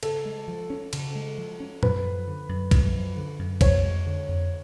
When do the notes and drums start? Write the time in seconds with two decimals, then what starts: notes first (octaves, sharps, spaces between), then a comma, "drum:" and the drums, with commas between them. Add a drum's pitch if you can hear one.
0.03 C#3 A4, drum: cymbal
0.25 G#3
0.48 F3
0.70 C#4
0.93 C#3, drum: cymbal
1.15 G#3
1.38 F3
1.60 C#4
1.83 F#2 B4, drum: tom A2
2.05 F3
2.27 D3
2.49 F#2
2.71 F#2, drum: kick, cymbal
2.94 F3
3.17 D3
3.39 F#2
3.61 F2 C#5, drum: kick, cymbal
3.84 G#3
4.06 D3
4.28 F2